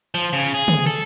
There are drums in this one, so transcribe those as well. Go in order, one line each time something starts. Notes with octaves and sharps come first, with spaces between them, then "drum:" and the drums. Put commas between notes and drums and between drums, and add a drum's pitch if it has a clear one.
F3
C#3
G#4
drum: tom
A4